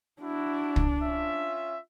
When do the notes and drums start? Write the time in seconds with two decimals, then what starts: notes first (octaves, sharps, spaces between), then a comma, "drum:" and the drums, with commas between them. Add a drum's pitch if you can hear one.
0.22 D4 E4 F#4
0.76 drum: kick
1.03 C#4 F4 E5